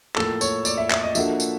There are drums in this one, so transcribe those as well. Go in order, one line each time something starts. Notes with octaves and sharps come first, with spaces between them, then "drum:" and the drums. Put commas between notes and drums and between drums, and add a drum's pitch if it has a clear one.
A2 F3 A#3 A4, drum: clap
C#5, drum: tambourine
D5, drum: tambourine
E5
E5, drum: clap
D#5
F3 A#3 D4 F#4 A4 E5, drum: tambourine
drum: tambourine